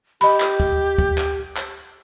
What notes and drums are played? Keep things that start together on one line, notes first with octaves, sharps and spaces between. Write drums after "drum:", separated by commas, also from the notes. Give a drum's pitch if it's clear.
G4 D#5 B5
drum: clap
drum: kick
drum: kick
drum: clap
drum: clap